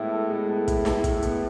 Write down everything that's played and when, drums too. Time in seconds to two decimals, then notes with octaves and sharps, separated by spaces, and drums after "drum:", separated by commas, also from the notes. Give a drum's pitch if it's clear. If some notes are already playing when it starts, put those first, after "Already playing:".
Already playing: A2 G#3 B3 E4 A4
0.12 A4
0.30 G#3
0.48 B3
0.68 E4, drum: kick, hi-hat
0.85 A4, drum: snare
1.04 G#3, drum: kick, hi-hat
1.23 B3, drum: hi-hat